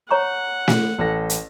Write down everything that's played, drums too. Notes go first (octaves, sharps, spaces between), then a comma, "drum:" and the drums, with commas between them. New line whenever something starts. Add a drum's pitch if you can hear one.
C#5 F#5 A#5 C#6
drum: snare
A1 A4 A#6
drum: hi-hat